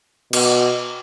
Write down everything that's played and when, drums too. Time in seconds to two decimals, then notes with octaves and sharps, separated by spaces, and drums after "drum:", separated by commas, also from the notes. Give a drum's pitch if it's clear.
0.33 B2, drum: cymbal